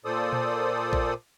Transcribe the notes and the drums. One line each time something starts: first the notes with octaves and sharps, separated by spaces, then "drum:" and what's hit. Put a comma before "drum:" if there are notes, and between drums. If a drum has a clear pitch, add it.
A#2 A4 C5 D5 D#6
drum: tom A#2
drum: kick A1